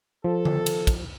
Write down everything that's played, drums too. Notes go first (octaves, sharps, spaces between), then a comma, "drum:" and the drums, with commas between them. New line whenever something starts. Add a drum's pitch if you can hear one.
F3 A4
drum: tom D3
drum: cymbal
drum: kick, cymbal